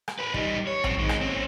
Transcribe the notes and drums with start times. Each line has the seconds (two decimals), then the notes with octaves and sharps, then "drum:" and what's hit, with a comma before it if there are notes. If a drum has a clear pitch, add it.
0.08 drum: rim click
0.19 A#4 B4
0.34 G3 D#4, drum: kick
0.67 C#5
0.84 F#2 C4, drum: tom A#1
0.99 D#3 G#3
1.09 drum: rim click
1.21 C4 C#4